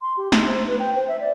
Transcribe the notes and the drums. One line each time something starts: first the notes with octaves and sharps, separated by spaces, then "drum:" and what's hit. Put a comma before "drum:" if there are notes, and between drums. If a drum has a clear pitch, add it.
C6
G4
D#4, drum: snare
C5
B4
G5
C5
E5
D5